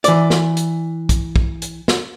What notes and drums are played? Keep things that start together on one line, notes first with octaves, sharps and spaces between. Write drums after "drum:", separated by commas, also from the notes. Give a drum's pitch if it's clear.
E3 D5, drum: hi-hat
drum: snare
drum: hi-hat
drum: kick, hi-hat
drum: kick
drum: hi-hat
drum: snare